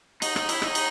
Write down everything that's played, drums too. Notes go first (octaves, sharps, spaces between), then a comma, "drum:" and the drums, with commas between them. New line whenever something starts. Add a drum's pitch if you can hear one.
D#4, drum: cymbal
D#4, drum: rim click
E4, drum: cymbal
D#4, drum: rim click
drum: cymbal